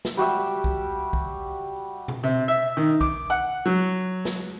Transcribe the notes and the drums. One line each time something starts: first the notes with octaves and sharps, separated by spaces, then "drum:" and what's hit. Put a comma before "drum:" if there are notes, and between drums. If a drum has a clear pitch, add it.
drum: snare
G3 F#4 G4 E5
drum: kick
drum: kick
drum: tom B2
C3
E5
D#3
D6, drum: kick
F#5
F#3
drum: snare